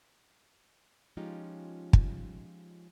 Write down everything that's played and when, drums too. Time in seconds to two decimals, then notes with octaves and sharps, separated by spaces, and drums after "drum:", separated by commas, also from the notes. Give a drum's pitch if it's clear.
1.17 F3 G#3 C#4 D#4 F4 G4
1.93 drum: kick